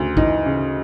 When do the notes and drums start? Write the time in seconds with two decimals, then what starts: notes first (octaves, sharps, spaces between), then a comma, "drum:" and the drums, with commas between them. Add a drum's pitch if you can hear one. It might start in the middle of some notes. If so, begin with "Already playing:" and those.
Already playing: D2 C#3
0.17 E3 D#4 D#5, drum: kick A1
0.46 C#3